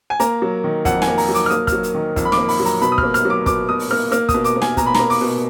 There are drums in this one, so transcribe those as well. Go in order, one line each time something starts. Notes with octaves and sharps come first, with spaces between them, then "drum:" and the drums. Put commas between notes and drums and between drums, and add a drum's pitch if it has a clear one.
G#5
A#3 A#5, drum: hi-hat
F#3
D#3
F2 F#5, drum: kick, hi-hat
G#5, drum: snare
A#3
A#5, drum: open hi-hat
F#3
D6, drum: hi-hat
F6
A#3 D#6, drum: hi-hat
F6, drum: kick, hi-hat
F#3
drum: hi-hat
D#3
F2, drum: kick, hi-hat
B5
D6, drum: snare
A#3
B5, drum: open hi-hat
F#3
A#5, drum: hi-hat
B2 B5, drum: hi-hat
D#6
A#3 F6, drum: kick
F6, drum: hi-hat
F#3 D6
B2 D6, drum: kick, hi-hat
B2 D#6
drum: open hi-hat
A#3 F6
A#3 F6, drum: hi-hat
D#6, drum: kick, hi-hat
B2
D6, drum: hi-hat
A#3
G#5, drum: snare
B2 A#5, drum: kick, hi-hat
B5
A#3 A#5, drum: snare
D6, drum: open hi-hat
B2